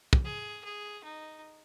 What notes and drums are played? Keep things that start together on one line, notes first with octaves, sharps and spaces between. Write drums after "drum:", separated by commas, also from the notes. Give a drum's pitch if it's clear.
drum: kick
G#4
G#4
D#4